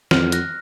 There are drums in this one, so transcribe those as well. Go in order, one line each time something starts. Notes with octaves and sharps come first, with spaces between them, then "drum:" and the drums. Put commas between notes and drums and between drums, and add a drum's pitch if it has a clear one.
F2 F6, drum: snare
F#6 A#6, drum: hi-hat